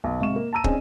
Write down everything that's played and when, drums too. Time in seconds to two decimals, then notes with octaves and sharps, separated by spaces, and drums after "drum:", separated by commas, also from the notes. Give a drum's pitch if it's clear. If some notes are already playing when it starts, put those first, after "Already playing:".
0.04 B1
0.20 G#2 C3 F5 C#6 E7
0.36 A#3
0.53 A5 A#5 E6 D#7
0.64 C4 C#4 D#4 G#4 D5, drum: kick